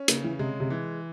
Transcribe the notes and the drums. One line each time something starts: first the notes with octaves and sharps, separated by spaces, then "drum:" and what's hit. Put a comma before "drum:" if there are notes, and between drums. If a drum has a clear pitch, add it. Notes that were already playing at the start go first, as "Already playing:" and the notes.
Already playing: C#4
C#3 A#3, drum: hi-hat
E3
C3 G#3
C3
E3